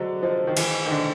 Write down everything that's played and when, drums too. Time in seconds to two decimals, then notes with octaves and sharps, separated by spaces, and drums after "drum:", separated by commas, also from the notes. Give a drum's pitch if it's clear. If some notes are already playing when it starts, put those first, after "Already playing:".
Already playing: D3 F#3 G#4 C5 D#5
0.23 F3 C5 D#5
0.47 D#3
0.57 E3 G#4, drum: cymbal
0.86 D#3
0.91 D3 C5 D#5